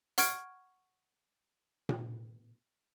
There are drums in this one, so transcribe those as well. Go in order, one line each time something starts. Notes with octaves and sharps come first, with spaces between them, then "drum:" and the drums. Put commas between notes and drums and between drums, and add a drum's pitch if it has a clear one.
F#5 C#6 F6 G#6 D7, drum: hi-hat
drum: tom A#2